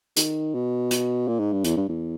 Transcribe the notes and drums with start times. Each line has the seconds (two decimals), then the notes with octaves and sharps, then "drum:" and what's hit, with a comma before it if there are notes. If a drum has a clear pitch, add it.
0.17 D#3, drum: hi-hat
0.55 B2
0.91 drum: hi-hat
1.28 A#2
1.39 G#2
1.52 G2
1.64 E2, drum: hi-hat
1.77 G2
1.89 E2